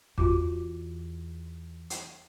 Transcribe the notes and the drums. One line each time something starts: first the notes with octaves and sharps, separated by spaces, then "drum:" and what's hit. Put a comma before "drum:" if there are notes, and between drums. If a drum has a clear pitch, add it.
E2 F4 F#4 D6, drum: kick
drum: hi-hat